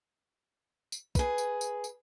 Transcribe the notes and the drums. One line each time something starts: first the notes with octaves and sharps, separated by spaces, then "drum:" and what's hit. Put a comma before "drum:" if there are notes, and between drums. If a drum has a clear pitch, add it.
drum: tambourine
G#4 B4, drum: kick, tambourine
drum: tambourine
drum: tambourine
drum: tambourine